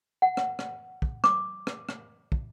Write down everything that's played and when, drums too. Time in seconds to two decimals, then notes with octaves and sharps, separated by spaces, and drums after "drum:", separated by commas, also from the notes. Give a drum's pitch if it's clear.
0.22 F#5
0.37 drum: rim click
0.59 drum: rim click
1.02 drum: kick
1.24 D6, drum: rim click
1.67 drum: rim click
1.89 drum: rim click
2.32 drum: kick